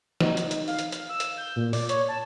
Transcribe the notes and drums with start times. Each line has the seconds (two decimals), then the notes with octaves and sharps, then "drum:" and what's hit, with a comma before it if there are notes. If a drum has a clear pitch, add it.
0.21 D#4, drum: snare
0.37 drum: hi-hat
0.51 drum: hi-hat
0.68 F5, drum: open hi-hat
0.79 drum: hi-hat
0.92 drum: hi-hat
1.09 E6
1.20 drum: hi-hat
1.38 G6
1.56 A#2
1.73 D5, drum: open hi-hat
1.89 C#5, drum: hi-hat
2.09 A5